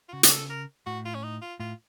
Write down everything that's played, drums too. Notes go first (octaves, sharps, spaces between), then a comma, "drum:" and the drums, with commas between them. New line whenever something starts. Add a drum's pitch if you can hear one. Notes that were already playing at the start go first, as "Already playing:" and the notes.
F4
C#3 F#4
F#4, drum: hi-hat
A4
A#4
A2 F#4
F4
C#4
D#4
F4
A2 F4